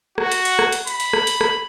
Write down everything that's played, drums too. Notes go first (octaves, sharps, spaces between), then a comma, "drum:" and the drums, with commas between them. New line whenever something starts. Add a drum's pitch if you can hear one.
F#4, drum: rim click
drum: hi-hat
drum: hi-hat
drum: rim click
drum: hi-hat
B5, drum: hi-hat
drum: hi-hat
drum: rim click
drum: hi-hat
drum: rim click